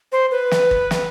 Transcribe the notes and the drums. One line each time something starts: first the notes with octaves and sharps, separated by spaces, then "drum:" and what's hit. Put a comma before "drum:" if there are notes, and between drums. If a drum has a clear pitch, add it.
C5
B4
drum: snare
drum: kick
drum: snare